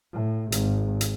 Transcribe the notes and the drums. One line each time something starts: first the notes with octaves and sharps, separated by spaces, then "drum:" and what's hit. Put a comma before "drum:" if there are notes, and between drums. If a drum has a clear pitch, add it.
A2
G#1, drum: hi-hat
drum: hi-hat